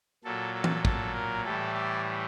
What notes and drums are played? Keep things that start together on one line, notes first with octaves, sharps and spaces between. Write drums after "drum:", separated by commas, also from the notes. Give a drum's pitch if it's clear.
A#2 F#3 A4
A4
drum: tom E3
A4, drum: kick
A#4
A2 E3 G3 A4
D5